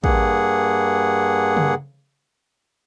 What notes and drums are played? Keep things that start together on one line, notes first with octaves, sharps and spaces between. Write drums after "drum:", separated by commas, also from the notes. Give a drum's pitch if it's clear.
G2 A#3 G#4 F#5, drum: kick
drum: tom C#3